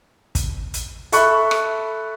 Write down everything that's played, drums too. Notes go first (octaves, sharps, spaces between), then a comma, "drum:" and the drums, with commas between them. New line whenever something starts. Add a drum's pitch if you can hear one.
drum: kick, hi-hat
drum: hi-hat
A4 E5 B5 C#6 F#6, drum: hi-hat
drum: rim click